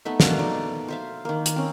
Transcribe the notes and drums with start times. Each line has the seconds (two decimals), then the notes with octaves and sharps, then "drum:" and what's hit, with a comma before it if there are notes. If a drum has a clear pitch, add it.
0.05 A3 B3 D#4 E5
0.20 B2 A3 A#3 D4, drum: snare
0.39 D#4 D5
0.88 C5 E5 F5
1.25 D#3 A#3
1.46 drum: hi-hat
1.56 C4 C#4